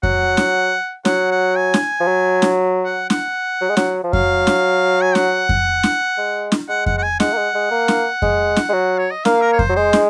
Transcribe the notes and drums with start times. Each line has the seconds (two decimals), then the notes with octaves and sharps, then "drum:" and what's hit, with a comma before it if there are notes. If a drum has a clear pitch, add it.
0.03 F#3 F#5, drum: kick F2
0.37 drum: snare
1.05 F#3 F#5, drum: snare
1.32 F#5
1.56 G#5
1.74 drum: snare
2.00 F3
2.07 F#3
2.42 drum: snare
2.85 F#5
3.10 F#5, drum: snare
3.61 F#3
3.70 G#3
3.77 F#3, drum: snare
4.04 F3
4.13 F#3 F5, drum: kick F2
4.47 drum: snare
5.02 G#5
5.15 F#5, drum: snare
5.49 drum: kick F2
5.83 drum: snare
6.18 G#3
6.52 drum: snare
6.69 G#3 F#5
6.86 F#5, drum: kick F2
6.98 F#5
7.03 G#5
7.20 G#3 F#5, drum: snare
7.33 A#3
7.37 G#3
7.55 G#3
7.71 A#3
7.88 drum: snare
8.22 G#3, drum: kick F2
8.56 drum: snare
8.69 G#3
8.73 F#3
8.98 C#5
9.11 D#5
9.25 A#3 F5, drum: snare
9.42 A#4
9.52 C#5
9.59 C5, drum: kick F2
9.69 F#3
9.76 G#3 C5
9.93 drum: snare